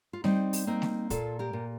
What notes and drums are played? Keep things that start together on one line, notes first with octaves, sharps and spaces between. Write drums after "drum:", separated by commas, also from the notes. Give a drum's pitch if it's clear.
F4
G3 C4 D#4, drum: snare
drum: open hi-hat
A#3 C4 D#4
drum: snare
A#2 F4 A4, drum: kick, hi-hat
G4 A#4
A#2